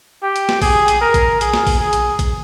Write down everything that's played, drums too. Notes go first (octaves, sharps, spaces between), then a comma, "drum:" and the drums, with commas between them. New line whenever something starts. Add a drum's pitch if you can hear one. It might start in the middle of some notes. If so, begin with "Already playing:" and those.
G4
drum: hi-hat
drum: snare
G#4, drum: kick A#1, open hi-hat
drum: hi-hat
A#4
drum: kick A#1, hi-hat
G#4, drum: hi-hat
drum: snare
drum: kick A#1, open hi-hat
G#4
drum: hi-hat
drum: kick A#1, hi-hat